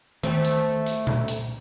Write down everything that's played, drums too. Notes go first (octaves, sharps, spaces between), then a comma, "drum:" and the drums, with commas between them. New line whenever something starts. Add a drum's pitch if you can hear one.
A3 C4, drum: tom D#3
drum: hi-hat
drum: hi-hat
drum: tom A#2
drum: hi-hat